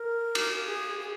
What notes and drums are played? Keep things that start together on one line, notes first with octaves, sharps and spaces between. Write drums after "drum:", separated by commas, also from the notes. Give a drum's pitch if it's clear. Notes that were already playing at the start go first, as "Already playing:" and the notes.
Already playing: A#4
drum: cymbal
G#4
G#4